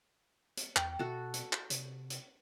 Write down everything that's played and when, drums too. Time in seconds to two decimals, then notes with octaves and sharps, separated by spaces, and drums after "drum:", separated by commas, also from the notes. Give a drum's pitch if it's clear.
0.57 drum: hi-hat
0.76 E2 G5, drum: clap
0.99 B2 F#4 A4
1.34 drum: hi-hat
1.53 drum: clap
1.70 C3, drum: hi-hat
2.10 drum: hi-hat